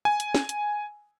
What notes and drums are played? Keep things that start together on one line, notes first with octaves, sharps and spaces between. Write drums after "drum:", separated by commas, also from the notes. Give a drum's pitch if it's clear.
G#5
drum: hi-hat
drum: snare
drum: hi-hat